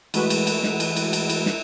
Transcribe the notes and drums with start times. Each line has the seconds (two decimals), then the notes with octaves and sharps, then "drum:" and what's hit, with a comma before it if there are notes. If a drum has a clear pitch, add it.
0.14 E3 G#3 A3 F#4 B4, drum: cymbal
0.30 drum: cymbal
0.47 drum: cymbal
0.63 drum: snare
0.80 drum: cymbal
0.96 drum: cymbal
1.13 drum: cymbal
1.30 drum: cymbal
1.46 drum: snare